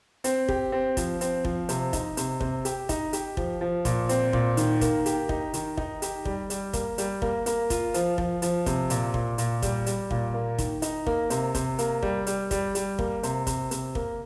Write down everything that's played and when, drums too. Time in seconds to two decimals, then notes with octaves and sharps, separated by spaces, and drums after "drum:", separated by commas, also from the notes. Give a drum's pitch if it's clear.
0.24 C4, drum: hi-hat
0.48 G4, drum: kick
0.72 C4
0.97 F3, drum: kick, hi-hat
1.21 C4, drum: hi-hat
1.45 F3, drum: kick
1.69 C3, drum: hi-hat
1.93 D#4, drum: kick, hi-hat
2.17 C3, drum: hi-hat
2.41 C3, drum: kick
2.65 G4, drum: hi-hat
2.89 D#4, drum: kick, hi-hat
3.13 G4, drum: hi-hat
3.37 F3, drum: kick
3.61 F3
3.85 A#2, drum: kick, hi-hat
4.09 C4, drum: hi-hat
4.33 A#2, drum: kick
4.57 D#3, drum: hi-hat
4.81 A#3, drum: kick, hi-hat
5.06 G4, drum: hi-hat
5.29 D#4, drum: kick
5.54 D#3, drum: hi-hat
5.77 D#4, drum: kick
6.02 G4, drum: hi-hat
6.25 G3, drum: kick
6.50 G3, drum: hi-hat
6.73 A#3, drum: kick, hi-hat
6.98 G3, drum: hi-hat
7.22 A#3, drum: kick
7.46 A#3, drum: hi-hat
7.70 F4, drum: kick, hi-hat
7.94 F3, drum: hi-hat
8.18 F3, drum: kick
8.42 F3, drum: hi-hat
8.66 C3, drum: kick, hi-hat
8.90 A#2, drum: hi-hat
9.14 A#2, drum: kick
9.38 A#2, drum: hi-hat
9.62 G3, drum: kick, hi-hat
9.86 G3, drum: hi-hat
10.11 A#2, drum: kick
10.34 A#3
10.58 D#3, drum: kick, hi-hat
10.82 D#4, drum: hi-hat
11.06 A#3, drum: kick
11.30 C3, drum: hi-hat
11.55 C3, drum: kick, hi-hat
11.79 A#3, drum: hi-hat
12.03 G3, drum: kick
12.27 G3, drum: hi-hat
12.51 G3, drum: kick, hi-hat
12.75 G3, drum: hi-hat
12.99 A#3, drum: kick
13.23 C3, drum: hi-hat
13.47 C3, drum: kick, hi-hat
13.71 C3, drum: hi-hat
13.95 A#3, drum: kick